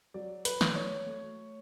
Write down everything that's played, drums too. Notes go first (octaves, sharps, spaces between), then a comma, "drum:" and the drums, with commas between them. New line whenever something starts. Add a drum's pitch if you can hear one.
F#3 D5
B4, drum: hi-hat
A3, drum: snare
C#5
A3